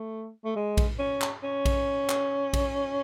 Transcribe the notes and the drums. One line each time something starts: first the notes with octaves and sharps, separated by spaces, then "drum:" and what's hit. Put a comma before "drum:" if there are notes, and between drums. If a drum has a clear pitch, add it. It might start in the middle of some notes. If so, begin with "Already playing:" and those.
Already playing: A3
A3
G#3
drum: kick A#1, cymbal
C#4
drum: clap
C#4
drum: kick A#1, cymbal
drum: clap
drum: kick A#1, cymbal